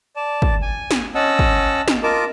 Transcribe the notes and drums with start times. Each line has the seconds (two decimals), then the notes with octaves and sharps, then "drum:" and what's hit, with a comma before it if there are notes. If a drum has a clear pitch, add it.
0.16 D5 A5
0.42 drum: kick
0.62 G#5
0.91 drum: snare
1.15 C#4 D#5 F#5 A5 E6
1.39 drum: kick
1.88 drum: snare
2.03 F4 A#4 D#5 A5 D6